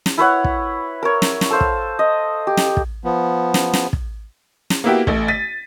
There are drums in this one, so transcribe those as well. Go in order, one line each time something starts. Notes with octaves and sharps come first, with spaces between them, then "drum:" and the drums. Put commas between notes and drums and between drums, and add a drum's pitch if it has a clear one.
drum: snare
E4 B4 C#5 F#5
drum: kick
A#4 C#5
drum: snare
drum: snare
A4 C5 F5
drum: kick
D#5
G4
drum: snare
drum: kick
F3 B3
drum: snare
drum: snare
drum: kick
drum: snare
A#3 B3 E4 F#4 G4
A1 A3, drum: kick
A6 B6 D#7